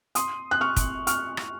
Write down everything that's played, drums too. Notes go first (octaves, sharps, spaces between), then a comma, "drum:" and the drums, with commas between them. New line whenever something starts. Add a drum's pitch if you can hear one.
C6 D#6, drum: hi-hat
F#6
C#6 F6
drum: kick, hi-hat
C#6 F6, drum: hi-hat
drum: rim click